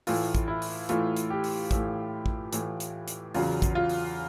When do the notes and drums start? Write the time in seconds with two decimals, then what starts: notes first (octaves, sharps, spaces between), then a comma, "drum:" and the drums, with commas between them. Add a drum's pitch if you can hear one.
0.07 A2 E3 A3 F4, drum: open hi-hat
0.35 drum: kick, hi-hat
0.48 E4
0.62 drum: open hi-hat
0.89 A2 E3 A3 F4, drum: hi-hat
1.16 drum: hi-hat
1.30 G4
1.44 drum: open hi-hat
1.71 A2 E3 A3, drum: kick, hi-hat
2.26 drum: kick
2.53 A2 E3 A3, drum: hi-hat
2.80 drum: hi-hat
3.08 drum: hi-hat
3.35 E2 C#3 F#3 F4, drum: open hi-hat
3.62 drum: kick, hi-hat
3.75 F4
3.89 drum: open hi-hat